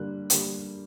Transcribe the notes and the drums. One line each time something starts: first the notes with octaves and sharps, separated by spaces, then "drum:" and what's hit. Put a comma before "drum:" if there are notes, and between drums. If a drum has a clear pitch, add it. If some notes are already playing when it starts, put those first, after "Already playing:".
Already playing: D3 G3 A#3 F#6
D3 G3 A#3, drum: hi-hat